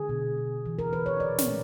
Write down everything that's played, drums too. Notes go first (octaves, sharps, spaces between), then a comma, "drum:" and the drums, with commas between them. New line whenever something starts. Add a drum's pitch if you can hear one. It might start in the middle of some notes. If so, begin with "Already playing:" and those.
Already playing: D3 G#4
B2
B2
E3
A#4
E3 B4
C#5
A#2 D5
drum: snare
A#2